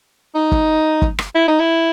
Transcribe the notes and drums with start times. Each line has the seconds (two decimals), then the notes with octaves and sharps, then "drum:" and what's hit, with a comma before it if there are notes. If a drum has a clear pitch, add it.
0.35 D#4
0.52 drum: kick
1.02 drum: kick
1.19 drum: rim click
1.35 E4
1.48 D#4
1.60 E4